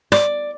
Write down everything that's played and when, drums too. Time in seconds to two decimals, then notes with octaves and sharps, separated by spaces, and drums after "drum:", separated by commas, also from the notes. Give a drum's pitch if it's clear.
0.12 D5, drum: rim click